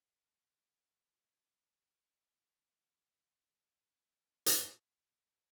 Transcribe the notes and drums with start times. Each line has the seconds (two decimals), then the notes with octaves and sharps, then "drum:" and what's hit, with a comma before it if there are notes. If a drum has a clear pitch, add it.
0.05 F1 C#2 G5
1.34 D2 C#3 A5
3.56 B3 F4 A4 C5 F5
4.46 drum: hi-hat